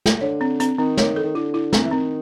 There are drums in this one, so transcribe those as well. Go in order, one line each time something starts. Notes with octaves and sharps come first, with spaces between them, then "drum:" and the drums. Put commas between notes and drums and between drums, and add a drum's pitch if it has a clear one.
drum: snare
D3 C#5
C4
C4, drum: hi-hat
D#3 C4
C#5, drum: snare
A4
D#3
D3 E4
E4
C4, drum: snare
E3
D#3 C4